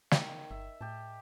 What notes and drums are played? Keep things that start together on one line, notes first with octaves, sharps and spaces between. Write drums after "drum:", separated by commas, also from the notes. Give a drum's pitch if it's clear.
D#3, drum: snare
G1 E5
A2 G4 A5